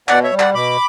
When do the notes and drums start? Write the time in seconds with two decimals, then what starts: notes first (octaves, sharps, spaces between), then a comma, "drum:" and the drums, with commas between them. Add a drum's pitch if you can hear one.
0.08 B2 D5 F#5, drum: clap
0.24 C#5 E5
0.32 G3
0.39 D5 F#5, drum: clap
0.54 B2 B5 D6